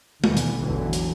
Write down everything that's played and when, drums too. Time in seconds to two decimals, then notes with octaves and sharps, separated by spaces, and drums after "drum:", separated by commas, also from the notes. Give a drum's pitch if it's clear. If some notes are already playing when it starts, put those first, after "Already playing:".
0.24 D#2 B2 D3 E3 G3 B3, drum: tom G#3
0.37 drum: hi-hat
0.59 A1 E2 B2 D3 E3 F#3
0.93 drum: hi-hat